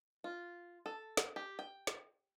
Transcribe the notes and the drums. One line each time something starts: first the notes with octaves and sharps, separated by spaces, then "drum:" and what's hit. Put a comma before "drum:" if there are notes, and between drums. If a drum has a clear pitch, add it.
F4
A4
drum: snare
G4
G5
drum: snare